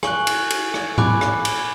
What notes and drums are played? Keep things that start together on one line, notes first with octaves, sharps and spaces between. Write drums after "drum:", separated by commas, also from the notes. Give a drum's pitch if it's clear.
G#5 C#6 F#6 F#7, drum: rim click
drum: cymbal
drum: cymbal
drum: rim click
G#5 B5 D6 F#6, drum: tom A2
drum: rim click
drum: cymbal